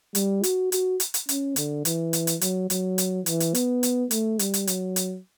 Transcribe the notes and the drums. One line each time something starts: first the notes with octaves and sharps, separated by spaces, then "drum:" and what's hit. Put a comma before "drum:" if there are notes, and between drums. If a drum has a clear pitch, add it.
G3, drum: hi-hat
F#4, drum: hi-hat
F#4, drum: hi-hat
drum: hi-hat
drum: hi-hat
C#4, drum: hi-hat
D3, drum: hi-hat
E3, drum: hi-hat
drum: hi-hat
drum: hi-hat
F#3, drum: hi-hat
F#3, drum: hi-hat
drum: hi-hat
E3, drum: hi-hat
drum: hi-hat
B3, drum: hi-hat
drum: hi-hat
A3, drum: hi-hat
G3, drum: hi-hat
drum: hi-hat
F#3, drum: hi-hat
drum: hi-hat